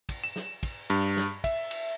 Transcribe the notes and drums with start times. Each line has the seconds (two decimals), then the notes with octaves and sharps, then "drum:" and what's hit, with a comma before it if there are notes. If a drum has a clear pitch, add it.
0.09 drum: kick, cymbal
0.24 E7
0.36 drum: snare
0.63 drum: kick, cymbal
0.90 G2, drum: cymbal
1.17 drum: snare
1.44 E5, drum: kick, cymbal
1.71 drum: cymbal